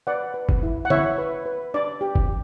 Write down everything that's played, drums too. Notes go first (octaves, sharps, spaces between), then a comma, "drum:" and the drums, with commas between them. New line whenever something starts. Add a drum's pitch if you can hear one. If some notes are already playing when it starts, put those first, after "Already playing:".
B4 D5 F#5
B4
drum: kick
E4
F#5
E4 C#5 E5, drum: tom
B4
B4
D4 D5
G4
drum: kick